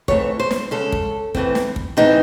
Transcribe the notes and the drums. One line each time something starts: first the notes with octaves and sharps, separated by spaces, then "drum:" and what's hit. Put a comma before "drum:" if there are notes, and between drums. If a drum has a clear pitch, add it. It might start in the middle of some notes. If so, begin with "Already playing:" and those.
G#2 E3 A3 C4 C#5, drum: kick
C5
drum: snare
C#3 G#3 C#4 A4
drum: kick
A2 E3 A3 C4, drum: kick
drum: snare
drum: kick
A2 E3 C4 D#4